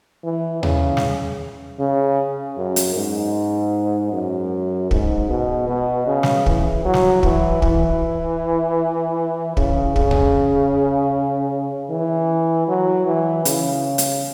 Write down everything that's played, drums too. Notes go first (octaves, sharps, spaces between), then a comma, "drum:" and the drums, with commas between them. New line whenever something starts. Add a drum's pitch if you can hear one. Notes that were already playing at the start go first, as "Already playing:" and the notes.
E3
C#3, drum: tom D#2
drum: snare
C#3
F#2
drum: hi-hat
G#2
F#2
G#2, drum: kick
B2
B2
C#3
drum: snare
E3, drum: kick
F#3
drum: snare
E3, drum: kick
E3, drum: kick
C#3, drum: kick
C#3, drum: kick
drum: tom D#2
E3
F#3
E3
C#3, drum: hi-hat
drum: hi-hat